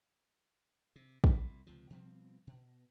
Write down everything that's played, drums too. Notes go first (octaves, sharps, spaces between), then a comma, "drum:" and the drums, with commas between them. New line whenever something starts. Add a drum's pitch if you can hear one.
C3
C2 A#2, drum: kick
C#2 C3 F3
B2 F3 G3 C4
B2